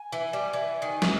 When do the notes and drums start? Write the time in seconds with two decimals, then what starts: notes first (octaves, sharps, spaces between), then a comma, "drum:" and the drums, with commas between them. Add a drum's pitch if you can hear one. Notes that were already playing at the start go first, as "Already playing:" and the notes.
Already playing: G#5
0.12 E3
0.33 G3
0.53 E3
0.82 D#3
1.02 D#3, drum: snare